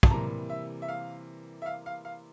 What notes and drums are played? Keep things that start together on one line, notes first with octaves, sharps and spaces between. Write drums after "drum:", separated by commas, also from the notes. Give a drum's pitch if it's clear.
A5, drum: kick
C3 E3 G3 A#3 A#5
E5
E5
F5
E5
F5
F5
F5